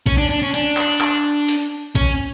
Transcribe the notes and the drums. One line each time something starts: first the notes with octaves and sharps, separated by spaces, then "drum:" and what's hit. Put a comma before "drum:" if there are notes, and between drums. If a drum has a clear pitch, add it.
C#4, drum: kick, hi-hat
D4
D4
C#4
D4, drum: hi-hat
drum: clap
drum: clap
drum: open hi-hat
C#4, drum: kick, hi-hat